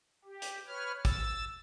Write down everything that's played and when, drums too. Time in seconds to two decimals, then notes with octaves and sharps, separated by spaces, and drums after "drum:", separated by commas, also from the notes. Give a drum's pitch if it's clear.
0.25 G4
0.42 drum: hi-hat
0.68 B4 C#5 F6
1.05 E6 A6, drum: kick, hi-hat